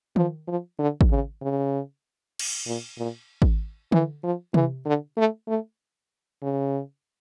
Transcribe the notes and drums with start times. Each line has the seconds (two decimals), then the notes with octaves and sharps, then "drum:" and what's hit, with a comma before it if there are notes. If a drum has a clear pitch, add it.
0.16 F3, drum: tom D#3
0.47 F3
0.79 D3
1.01 drum: kick G#1
1.11 C#3
1.42 C#3
2.39 drum: cymbal
2.66 A#2
2.98 A#2
3.42 drum: kick G#1
3.92 E3, drum: tom D3
4.23 F3
4.54 E3, drum: tom C3
4.86 D3
5.17 A3
5.48 A3
6.42 C#3